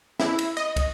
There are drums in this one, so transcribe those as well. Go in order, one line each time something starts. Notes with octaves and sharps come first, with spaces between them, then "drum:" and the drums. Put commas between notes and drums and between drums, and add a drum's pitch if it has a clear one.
E4, drum: snare
drum: cymbal
D#5
drum: kick, cymbal